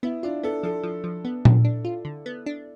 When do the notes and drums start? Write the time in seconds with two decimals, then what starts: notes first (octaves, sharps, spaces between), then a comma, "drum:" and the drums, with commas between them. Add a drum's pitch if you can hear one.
0.03 B3 E4
0.23 D4 F4
0.43 B3 A4
0.63 F3 A4
0.84 F3
1.04 F3
1.25 B3
1.45 D4, drum: tom A#2
1.65 D4
1.85 F4
2.05 D3
2.26 B3
2.46 D4